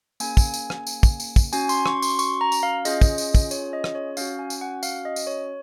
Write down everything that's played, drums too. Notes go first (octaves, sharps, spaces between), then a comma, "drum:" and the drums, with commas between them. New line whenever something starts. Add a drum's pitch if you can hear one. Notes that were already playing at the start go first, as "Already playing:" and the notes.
A#3 C#4 G#4 G#5, drum: tambourine
drum: kick, tambourine
drum: tambourine
drum: rim click
drum: tambourine
drum: kick, tambourine
drum: tambourine
drum: kick, tambourine
C#4 F#4 G#5, drum: tambourine
C6, drum: tambourine
C#6, drum: rim click
C6, drum: tambourine
C#6, drum: tambourine
A#5
drum: tambourine
F5
C#4 F4 G#4 D#5, drum: tambourine
drum: kick, tambourine
drum: tambourine
drum: kick, tambourine
C#5, drum: tambourine
D#5
drum: rim click
C#5
C#4 F#4 F5, drum: tambourine
G#5
drum: tambourine
F#5
F5, drum: tambourine
D#5
drum: tambourine
C#5